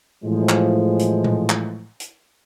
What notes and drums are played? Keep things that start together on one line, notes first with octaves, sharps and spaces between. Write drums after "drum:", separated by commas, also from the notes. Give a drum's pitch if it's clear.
A2 E3 F3 G#3
drum: clap
drum: hi-hat
drum: tom A#2
drum: clap
drum: hi-hat